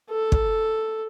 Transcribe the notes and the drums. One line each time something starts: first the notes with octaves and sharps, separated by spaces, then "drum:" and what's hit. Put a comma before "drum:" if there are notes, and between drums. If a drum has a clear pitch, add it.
A4
drum: kick